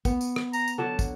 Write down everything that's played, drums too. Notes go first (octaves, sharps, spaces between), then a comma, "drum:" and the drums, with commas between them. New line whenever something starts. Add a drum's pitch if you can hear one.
B3, drum: kick, tambourine
drum: tambourine
drum: rim click
A#5, drum: tambourine
drum: tambourine
D3 F#3 A5
drum: kick, tambourine